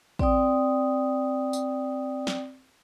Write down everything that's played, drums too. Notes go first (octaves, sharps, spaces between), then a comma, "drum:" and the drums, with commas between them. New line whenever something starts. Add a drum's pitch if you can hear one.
C4 D5 G5 D#6, drum: kick A1
drum: tambourine
drum: snare